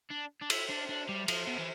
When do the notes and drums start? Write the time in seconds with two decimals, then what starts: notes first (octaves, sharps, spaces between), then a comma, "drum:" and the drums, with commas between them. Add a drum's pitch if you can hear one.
0.11 D4
0.42 D4
0.50 E4, drum: cymbal
0.69 D4
0.89 D4
1.09 G3
1.28 F3, drum: cymbal
1.47 B2
1.58 E3